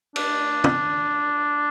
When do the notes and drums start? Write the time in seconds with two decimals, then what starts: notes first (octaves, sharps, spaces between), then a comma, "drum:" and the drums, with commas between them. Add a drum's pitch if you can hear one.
0.16 D4, drum: cymbal
0.64 drum: tom